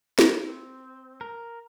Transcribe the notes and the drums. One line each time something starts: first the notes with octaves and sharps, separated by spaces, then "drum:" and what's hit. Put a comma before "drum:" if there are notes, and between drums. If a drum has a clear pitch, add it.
C5, drum: snare
C4
A#4